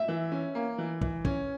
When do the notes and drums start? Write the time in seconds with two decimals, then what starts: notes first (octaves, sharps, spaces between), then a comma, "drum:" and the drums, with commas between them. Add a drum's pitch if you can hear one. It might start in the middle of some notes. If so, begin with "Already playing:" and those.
Already playing: E5
0.08 E3
0.32 C#4
0.55 A#3
0.78 E3
1.01 E3, drum: kick
1.25 C#4, drum: kick